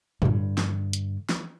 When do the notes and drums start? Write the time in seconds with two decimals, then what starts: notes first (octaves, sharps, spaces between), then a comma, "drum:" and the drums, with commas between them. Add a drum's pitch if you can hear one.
0.22 G2 D3, drum: tom A2
0.58 drum: snare
0.93 drum: hi-hat
1.29 drum: snare